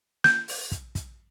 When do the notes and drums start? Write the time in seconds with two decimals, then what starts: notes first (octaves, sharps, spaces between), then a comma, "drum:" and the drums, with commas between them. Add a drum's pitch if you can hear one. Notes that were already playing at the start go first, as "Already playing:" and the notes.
0.24 G6, drum: snare
0.48 drum: open hi-hat
0.72 drum: kick, hi-hat
0.95 drum: kick, hi-hat